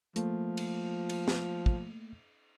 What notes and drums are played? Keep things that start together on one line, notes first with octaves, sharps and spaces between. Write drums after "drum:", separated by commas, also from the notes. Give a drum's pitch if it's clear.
F3 A3 A#3, drum: hi-hat
drum: cymbal
drum: cymbal
drum: snare
drum: kick